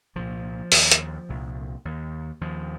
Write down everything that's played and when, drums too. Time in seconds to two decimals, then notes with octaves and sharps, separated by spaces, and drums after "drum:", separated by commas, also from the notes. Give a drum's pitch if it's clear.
0.15 C2 A#2 F3
0.72 D#2, drum: open hi-hat
0.91 drum: hi-hat
1.29 C2 A#2
1.85 D#2
2.41 D#2 F3